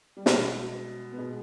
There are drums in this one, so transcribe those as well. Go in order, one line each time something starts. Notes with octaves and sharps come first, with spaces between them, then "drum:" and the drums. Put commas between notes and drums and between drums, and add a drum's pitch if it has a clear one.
G3
B2 G#3, drum: snare
B3
B2 G#3